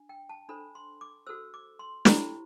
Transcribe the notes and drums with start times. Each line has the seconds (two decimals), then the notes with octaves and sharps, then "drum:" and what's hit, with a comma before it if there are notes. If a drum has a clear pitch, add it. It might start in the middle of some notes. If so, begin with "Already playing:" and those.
Already playing: D4
0.09 G5
0.29 A5
0.49 D4 A4 C5 B5
0.75 C6
1.01 D6
1.27 F#4 A4 C5 E6
1.54 D6
1.79 C6
2.05 E4 G4 C5 B5, drum: snare